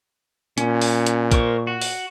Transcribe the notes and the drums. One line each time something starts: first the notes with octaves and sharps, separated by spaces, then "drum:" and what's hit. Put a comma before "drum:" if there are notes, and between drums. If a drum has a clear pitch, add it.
A#2 C#4, drum: hi-hat
drum: open hi-hat
drum: hi-hat
A#4 C5 C#6, drum: kick, hi-hat
F#4
drum: open hi-hat